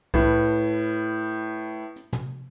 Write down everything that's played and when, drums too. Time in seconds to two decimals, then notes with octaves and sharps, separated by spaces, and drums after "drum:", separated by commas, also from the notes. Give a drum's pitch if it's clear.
0.14 A2 B4, drum: kick C2
1.96 drum: hi-hat
2.13 drum: tom